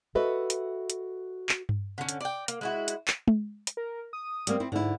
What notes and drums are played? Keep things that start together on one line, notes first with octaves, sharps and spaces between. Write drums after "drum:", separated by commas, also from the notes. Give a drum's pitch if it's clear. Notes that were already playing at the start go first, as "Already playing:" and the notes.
F#4 A4 B4 D#5 E5
drum: hi-hat
drum: hi-hat
drum: clap
drum: tom G2
D3 C#4
drum: hi-hat
D5 G5
A#3, drum: hi-hat
G#3 E4 F#4
drum: hi-hat
drum: clap
drum: tom G#3
drum: hi-hat
A#4
D#6
G3 A#3 C4, drum: hi-hat
C4 E4
G#2 D3 E4